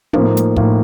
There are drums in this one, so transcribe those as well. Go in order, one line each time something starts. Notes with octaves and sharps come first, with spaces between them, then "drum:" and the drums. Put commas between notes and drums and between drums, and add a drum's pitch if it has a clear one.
A2 F3 A#3 D#4, drum: tom
drum: hi-hat
A2 F3 A#3 D#4, drum: kick